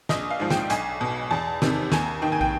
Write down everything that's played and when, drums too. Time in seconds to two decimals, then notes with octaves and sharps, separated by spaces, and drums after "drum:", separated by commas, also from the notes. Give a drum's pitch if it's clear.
0.09 A#1 D#5, drum: snare
0.30 F5
0.40 G#2 F3
0.50 G5, drum: snare
0.70 B1 G#5, drum: hi-hat
1.01 B2
1.30 E2 A5
1.62 C3 D#3, drum: snare
1.92 D#2 G#5, drum: snare
2.22 D#3 G5
2.32 G#5
2.41 G5, drum: kick